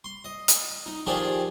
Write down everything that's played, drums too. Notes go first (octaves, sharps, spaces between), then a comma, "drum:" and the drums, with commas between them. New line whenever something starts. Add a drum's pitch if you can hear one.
C6
D#5
drum: hi-hat
D#4
D#3 F3 D4 G4 G#4